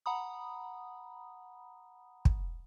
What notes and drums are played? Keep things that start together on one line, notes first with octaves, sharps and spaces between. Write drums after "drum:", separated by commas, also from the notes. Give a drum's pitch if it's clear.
F#5 A#5 B5 D#6
drum: kick